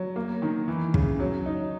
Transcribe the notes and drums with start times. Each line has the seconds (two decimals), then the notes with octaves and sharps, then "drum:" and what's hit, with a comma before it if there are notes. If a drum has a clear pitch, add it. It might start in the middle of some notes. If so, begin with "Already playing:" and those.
Already playing: F#3
0.16 A#3
0.42 D#3
0.68 E3
0.94 C#3, drum: kick
1.20 F#3
1.46 D#4